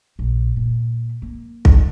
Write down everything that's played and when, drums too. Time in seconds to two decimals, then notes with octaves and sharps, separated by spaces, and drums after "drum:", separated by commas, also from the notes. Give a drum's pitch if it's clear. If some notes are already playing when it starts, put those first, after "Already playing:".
0.19 A#1
0.56 A#2
1.22 A#3
1.65 drum: kick